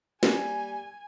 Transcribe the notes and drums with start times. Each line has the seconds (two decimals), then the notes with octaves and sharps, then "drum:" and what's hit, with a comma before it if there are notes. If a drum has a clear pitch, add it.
0.23 G3 A#3 G#5, drum: snare